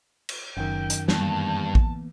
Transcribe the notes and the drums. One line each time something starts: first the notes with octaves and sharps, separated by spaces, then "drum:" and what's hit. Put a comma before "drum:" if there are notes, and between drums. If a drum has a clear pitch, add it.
drum: cymbal
F#1 F#2 D#3 G5
drum: hi-hat
G2 E3 A#3 B3 A5, drum: snare
drum: kick A1